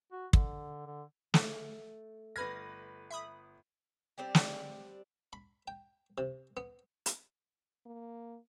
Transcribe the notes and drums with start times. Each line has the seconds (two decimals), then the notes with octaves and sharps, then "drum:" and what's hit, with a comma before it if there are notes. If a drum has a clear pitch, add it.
0.12 F#4
0.33 D3, drum: kick
0.86 D3
1.34 A3, drum: snare
2.36 G1 B4 F6 G#6 A#6
3.11 E5 B5 D#6
4.18 G3 C4 D4 G4
4.35 drum: snare
5.33 B5
5.68 G5
6.18 C3
6.57 B3
7.06 drum: hi-hat
7.86 A#3